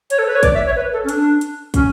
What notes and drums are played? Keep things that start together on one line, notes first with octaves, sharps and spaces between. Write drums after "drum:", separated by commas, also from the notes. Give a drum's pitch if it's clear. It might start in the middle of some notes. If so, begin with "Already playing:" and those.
C#5, drum: hi-hat
A4
B4
C#5
D5, drum: kick, hi-hat
E5
C#5
B4
A4
C#4
D4, drum: hi-hat
drum: hi-hat
C#4, drum: kick, hi-hat